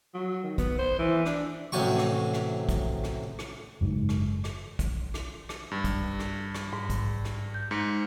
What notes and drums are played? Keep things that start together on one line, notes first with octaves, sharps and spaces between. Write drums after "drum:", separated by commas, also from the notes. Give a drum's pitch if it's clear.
F#3
D#3
B3, drum: kick, hi-hat
C5
E3
D4, drum: rim click
A1 C3 F#3 G#5 C#6
drum: rim click
drum: rim click
drum: kick, hi-hat
drum: rim click
drum: rim click
F#1 G#2
drum: rim click
drum: rim click
drum: kick, hi-hat
drum: rim click
drum: rim click
G2
drum: kick, hi-hat
drum: rim click
drum: rim click
G#2
drum: kick, hi-hat
drum: rim click
G6
G#2 C#7